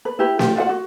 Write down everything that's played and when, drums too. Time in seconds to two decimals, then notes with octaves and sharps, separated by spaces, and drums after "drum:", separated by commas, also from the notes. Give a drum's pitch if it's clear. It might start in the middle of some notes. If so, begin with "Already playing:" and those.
0.05 B4
0.19 E4 G4 B4
0.39 F4 G4, drum: snare
0.56 F4 F#4 F5 F#5
0.69 F#4